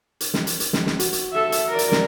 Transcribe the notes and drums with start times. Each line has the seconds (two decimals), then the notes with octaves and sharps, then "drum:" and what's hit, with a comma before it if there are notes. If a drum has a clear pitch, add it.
0.20 drum: hi-hat
0.34 drum: snare
0.47 drum: hi-hat
0.60 drum: hi-hat
0.73 drum: snare
0.86 drum: snare
1.00 F#4, drum: hi-hat
1.13 drum: hi-hat
1.33 A4 E5
1.52 drum: hi-hat
1.69 A#4 D5
1.79 drum: hi-hat
1.92 drum: snare